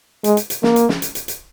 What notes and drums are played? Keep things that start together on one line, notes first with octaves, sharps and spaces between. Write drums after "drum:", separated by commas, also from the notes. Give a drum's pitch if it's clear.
G#3, drum: hi-hat
drum: hi-hat
drum: hi-hat
A#3, drum: snare
drum: hi-hat
drum: snare
drum: hi-hat
drum: hi-hat
drum: hi-hat